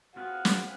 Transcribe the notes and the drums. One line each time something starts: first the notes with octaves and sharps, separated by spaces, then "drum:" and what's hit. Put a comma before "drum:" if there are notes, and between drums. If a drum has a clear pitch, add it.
C4 F4 F#4 G#4 B4
drum: snare
C4 F4 G#4 B4